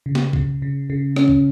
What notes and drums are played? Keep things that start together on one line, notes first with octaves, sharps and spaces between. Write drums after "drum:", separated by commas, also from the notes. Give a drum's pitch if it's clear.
C#3
drum: snare
C#3, drum: kick B1
C#3
C#3
C#4, drum: rim click
drum: kick B1